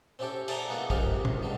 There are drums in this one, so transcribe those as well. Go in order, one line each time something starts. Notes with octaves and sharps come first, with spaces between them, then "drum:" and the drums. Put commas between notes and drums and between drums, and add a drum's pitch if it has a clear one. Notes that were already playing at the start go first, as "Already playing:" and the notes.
C4 C#4 E4 G4 A4 G5
G#4 A4 D5 E5 G#5 A#5, drum: cymbal
G#3 A#3 B3 E4 F4
C#2 F#2 C3 G#3 G4 F5, drum: kick
drum: tom A#2
G2 B2 D#3 G3